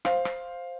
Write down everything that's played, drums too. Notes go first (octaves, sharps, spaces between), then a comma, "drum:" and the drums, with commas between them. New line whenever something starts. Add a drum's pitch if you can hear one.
C5 F5, drum: rim click
drum: rim click